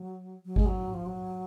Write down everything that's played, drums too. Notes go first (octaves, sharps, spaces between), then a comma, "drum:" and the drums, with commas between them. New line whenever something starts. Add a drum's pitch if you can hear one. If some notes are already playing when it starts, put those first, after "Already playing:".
Already playing: F#3
F#3
G#3, drum: kick G#1
F#3
F3
F#3